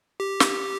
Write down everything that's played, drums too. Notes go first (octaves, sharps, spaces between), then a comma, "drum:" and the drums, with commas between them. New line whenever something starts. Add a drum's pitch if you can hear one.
G4
drum: snare